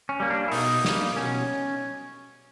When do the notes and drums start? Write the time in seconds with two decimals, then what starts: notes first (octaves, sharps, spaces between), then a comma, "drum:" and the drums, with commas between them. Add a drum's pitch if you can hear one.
0.09 C#4
0.20 G3 A#3
0.30 D4
0.48 E4
0.52 B2 D#4, drum: open hi-hat
0.85 G3 A#3, drum: snare
1.16 B2 C#4